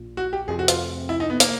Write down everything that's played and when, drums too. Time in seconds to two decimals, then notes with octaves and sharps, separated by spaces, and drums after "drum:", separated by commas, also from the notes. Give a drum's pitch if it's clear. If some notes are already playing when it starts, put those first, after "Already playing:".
Already playing: A#1 A#2
0.17 F#4
0.33 G4
0.48 F2 C3 F3 A3 C4 G#4
0.59 F#4
0.68 F4, drum: hi-hat
1.09 E4
1.20 D#4
1.30 B3
1.40 A#3, drum: hi-hat